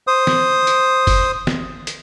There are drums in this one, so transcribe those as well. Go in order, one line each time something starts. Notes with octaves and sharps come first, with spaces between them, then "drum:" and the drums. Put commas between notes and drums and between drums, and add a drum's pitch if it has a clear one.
C5 D#6
drum: snare
drum: hi-hat
drum: kick, open hi-hat
drum: snare
drum: hi-hat